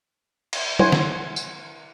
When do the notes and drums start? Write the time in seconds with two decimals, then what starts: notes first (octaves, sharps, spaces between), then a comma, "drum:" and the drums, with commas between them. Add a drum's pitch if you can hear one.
0.53 drum: cymbal
0.79 E4 C5 C#5 F#5 G#5 C6, drum: tom F#3
0.92 drum: snare
1.36 drum: tambourine